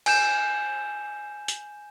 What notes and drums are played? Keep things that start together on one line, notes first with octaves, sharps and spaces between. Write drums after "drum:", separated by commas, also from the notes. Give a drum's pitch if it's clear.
G#5 G6 E7, drum: cymbal
drum: hi-hat